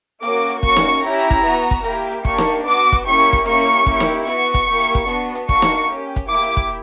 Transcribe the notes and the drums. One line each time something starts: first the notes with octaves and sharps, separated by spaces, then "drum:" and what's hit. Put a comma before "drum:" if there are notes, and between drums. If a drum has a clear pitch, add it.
A#3 C#4 F#4 D6, drum: hi-hat
drum: hi-hat
A#3 C#4 F#4 C#6, drum: kick
drum: snare
C#4 E4 G4 A#5, drum: hi-hat
drum: kick, hi-hat
B3 F#4
drum: kick
A#3 E4 G4, drum: hi-hat
drum: hi-hat
A#3 D4 G4 C#6, drum: kick
drum: snare
B3 F#4 D6
drum: kick, hi-hat
A#3 C#4 E4 G4 C#6
drum: hi-hat
drum: kick
A#3 C#4 E4 G4 C#6, drum: hi-hat
drum: hi-hat
A#3 E4 G4, drum: kick
drum: snare
B3 F#4 C#6, drum: hi-hat
drum: kick, hi-hat
A#3 E4 G4
drum: hi-hat
drum: kick
B3 D4 F#4, drum: hi-hat
drum: hi-hat
A#3 D4 F#4 C#6, drum: kick
drum: snare
C#4 G4
drum: kick, hi-hat
A#3 E4 G4 D6
drum: hi-hat
drum: kick